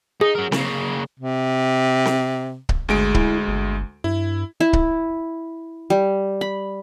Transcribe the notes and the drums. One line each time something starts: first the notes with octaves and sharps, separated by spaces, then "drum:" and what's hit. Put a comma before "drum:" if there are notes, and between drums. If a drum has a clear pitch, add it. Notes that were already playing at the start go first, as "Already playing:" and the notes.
D#4 G#4
F#3 A#4
C#3 A#3, drum: snare C4
C3
drum: snare C4
drum: kick C#1
G1 D2 G#3 D7
E4, drum: kick C#1
G1
G2 E4
E4
drum: kick C#1
G3
B5